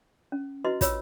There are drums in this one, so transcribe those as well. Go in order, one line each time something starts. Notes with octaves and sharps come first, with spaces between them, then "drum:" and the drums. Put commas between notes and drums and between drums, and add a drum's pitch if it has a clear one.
C#4
E4 F#4 B4 D#5 C6
F4 C#5 E6, drum: kick, hi-hat